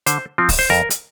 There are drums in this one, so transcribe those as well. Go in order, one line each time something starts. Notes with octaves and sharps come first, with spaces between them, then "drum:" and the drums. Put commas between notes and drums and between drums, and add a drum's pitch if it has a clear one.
D3 C5, drum: hi-hat
F3 C4
drum: kick C#1, open hi-hat
C5
F2 A#4
drum: hi-hat